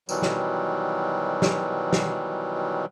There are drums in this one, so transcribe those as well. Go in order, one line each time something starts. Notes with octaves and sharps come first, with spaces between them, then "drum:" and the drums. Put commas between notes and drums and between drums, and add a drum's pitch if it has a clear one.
B2 D#3 E3 F#3 G3, drum: tambourine
drum: snare
drum: snare
drum: snare